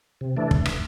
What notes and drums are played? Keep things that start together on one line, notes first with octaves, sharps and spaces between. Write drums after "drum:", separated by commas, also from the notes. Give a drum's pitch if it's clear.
C3
E3 A3 D4
drum: kick
drum: rim click